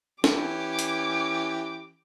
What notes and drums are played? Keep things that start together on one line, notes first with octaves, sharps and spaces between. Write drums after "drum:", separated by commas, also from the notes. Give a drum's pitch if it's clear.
E3 C#4 G4 D6, drum: snare
drum: hi-hat